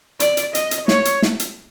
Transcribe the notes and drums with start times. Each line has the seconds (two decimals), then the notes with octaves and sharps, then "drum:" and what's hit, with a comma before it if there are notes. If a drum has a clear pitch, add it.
0.20 D5, drum: hi-hat
0.37 drum: hi-hat
0.55 D#5, drum: hi-hat
0.71 drum: hi-hat
0.88 C#5, drum: snare
1.05 drum: hi-hat
1.22 drum: snare
1.40 drum: hi-hat